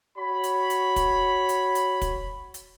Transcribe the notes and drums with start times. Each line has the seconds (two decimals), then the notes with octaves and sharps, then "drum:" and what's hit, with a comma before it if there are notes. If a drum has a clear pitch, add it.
0.17 F#4 C#5 B5
0.44 drum: hi-hat
0.70 drum: hi-hat
0.96 drum: kick, hi-hat
1.49 drum: hi-hat
1.75 drum: hi-hat
2.02 drum: kick, hi-hat
2.54 drum: hi-hat